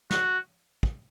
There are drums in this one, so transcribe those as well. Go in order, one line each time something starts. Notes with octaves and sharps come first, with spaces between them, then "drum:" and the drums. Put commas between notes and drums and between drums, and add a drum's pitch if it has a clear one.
F#4, drum: snare
drum: kick